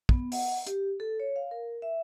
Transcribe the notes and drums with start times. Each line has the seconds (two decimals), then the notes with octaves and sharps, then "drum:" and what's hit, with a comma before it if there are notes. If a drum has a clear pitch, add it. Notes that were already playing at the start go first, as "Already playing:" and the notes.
0.09 B3, drum: kick
0.32 F#5, drum: open hi-hat
0.67 G4, drum: hi-hat
1.00 A4
1.20 C#5
1.36 F5
1.51 A#4
1.82 E5